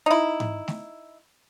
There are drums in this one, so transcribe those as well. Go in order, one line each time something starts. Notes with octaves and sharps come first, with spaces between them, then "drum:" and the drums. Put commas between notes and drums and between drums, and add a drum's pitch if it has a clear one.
D#4 E4
drum: tom G#2
drum: snare A3